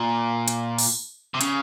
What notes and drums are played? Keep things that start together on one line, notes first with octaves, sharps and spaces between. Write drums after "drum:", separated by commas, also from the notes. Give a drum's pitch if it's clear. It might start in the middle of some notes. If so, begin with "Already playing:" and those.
Already playing: A#2
drum: hi-hat
drum: open hi-hat
C3
C#3, drum: hi-hat